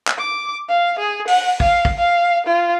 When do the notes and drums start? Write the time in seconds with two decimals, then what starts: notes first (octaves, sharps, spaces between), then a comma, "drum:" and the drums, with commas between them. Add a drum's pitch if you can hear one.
0.07 drum: clap
0.18 D6
0.68 F5
0.99 G#4
1.28 F#5, drum: open hi-hat
1.60 F5, drum: kick
1.85 drum: kick
1.98 F5
2.46 F4